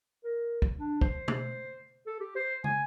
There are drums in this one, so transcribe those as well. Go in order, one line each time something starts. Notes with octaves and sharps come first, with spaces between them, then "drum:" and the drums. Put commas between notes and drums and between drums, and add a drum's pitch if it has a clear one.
A#4
drum: kick
D4
C5, drum: kick
drum: tom B2
A4
G4
C5
G#5, drum: tom